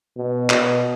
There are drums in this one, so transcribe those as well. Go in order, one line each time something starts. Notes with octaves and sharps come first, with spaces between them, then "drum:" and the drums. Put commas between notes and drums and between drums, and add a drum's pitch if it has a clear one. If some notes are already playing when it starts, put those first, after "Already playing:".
B2
B2, drum: clap